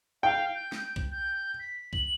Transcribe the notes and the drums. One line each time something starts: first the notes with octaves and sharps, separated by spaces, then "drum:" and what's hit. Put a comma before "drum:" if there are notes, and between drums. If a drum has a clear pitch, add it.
F5 G5
G6
drum: snare
drum: kick B1
G6
B6
F#7, drum: kick B1